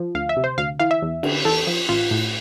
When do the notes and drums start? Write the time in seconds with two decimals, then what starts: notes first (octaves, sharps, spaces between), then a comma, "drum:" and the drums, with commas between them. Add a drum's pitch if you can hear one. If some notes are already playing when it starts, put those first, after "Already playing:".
Already playing: F3
0.15 D2 F5
0.29 E5
0.37 C3
0.44 C5
0.58 D2 F5
0.80 E3 F5
0.91 E5
1.02 E2
1.23 D3, drum: cymbal
1.45 E2 A4
1.67 F3
1.89 A1 F4
2.11 A2